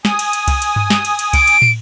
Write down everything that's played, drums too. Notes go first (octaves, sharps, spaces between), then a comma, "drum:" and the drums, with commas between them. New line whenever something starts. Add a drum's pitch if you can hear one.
G#5 D#6, drum: snare
drum: cymbal
drum: cymbal
drum: kick C2, cymbal
drum: cymbal
drum: tom G2
drum: snare
drum: cymbal
drum: cymbal
D7, drum: kick C2, cymbal
drum: cymbal
drum: tom